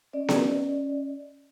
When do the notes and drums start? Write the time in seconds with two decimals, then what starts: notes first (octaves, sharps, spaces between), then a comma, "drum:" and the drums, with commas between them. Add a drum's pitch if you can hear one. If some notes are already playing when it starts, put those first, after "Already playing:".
0.13 C#4 D5 D#5
0.29 drum: snare B3